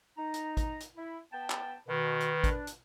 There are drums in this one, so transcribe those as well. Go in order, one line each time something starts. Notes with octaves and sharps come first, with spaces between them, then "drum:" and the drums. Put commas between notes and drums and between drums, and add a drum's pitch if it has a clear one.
D#4 A#5
drum: hi-hat
drum: kick A1, hi-hat
drum: hi-hat
E4
B3 G5 A5
drum: clap
B2 D#3 B4
drum: hi-hat
D4, drum: kick A1, hi-hat
drum: hi-hat